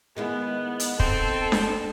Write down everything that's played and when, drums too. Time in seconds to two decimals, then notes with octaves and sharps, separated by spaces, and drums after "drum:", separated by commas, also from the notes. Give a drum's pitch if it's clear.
0.17 D#3 G#3 B3 E4
0.80 drum: hi-hat
1.00 C4 A4, drum: kick
1.52 drum: snare D4